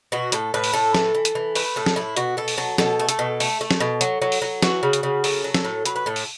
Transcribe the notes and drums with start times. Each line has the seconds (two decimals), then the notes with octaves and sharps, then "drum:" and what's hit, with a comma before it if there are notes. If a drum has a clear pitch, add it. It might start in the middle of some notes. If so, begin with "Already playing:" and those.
0.12 B2 F#4
0.32 A2 A4, drum: hi-hat
0.54 A2 B4
0.64 drum: open hi-hat
0.73 A2 A4
0.95 E3, drum: snare
1.15 E3
1.25 drum: hi-hat
1.35 E3
1.55 A3 B4, drum: open hi-hat
1.76 A2 A4
1.86 drum: snare
1.96 A2 E4
2.17 B2 F#4, drum: hi-hat
2.37 B2 A4
2.48 drum: open hi-hat
2.58 F#3 A4
2.78 B2 A4, drum: snare
2.99 A3
3.09 A4, drum: hi-hat
3.19 B2
3.40 A3, drum: open hi-hat
3.61 A3
3.71 drum: snare
3.80 B2
4.01 F#3, drum: hi-hat
4.22 F#3
4.32 drum: open hi-hat
4.42 F#3
4.62 E3 F#4, drum: snare
4.83 C#3
4.93 drum: hi-hat
5.03 C#3
5.24 F#3 A4, drum: open hi-hat
5.44 F#3
5.54 A4, drum: snare
5.65 A2
5.86 F#3 B4, drum: hi-hat
5.96 B4
6.06 A2 A4
6.16 drum: open hi-hat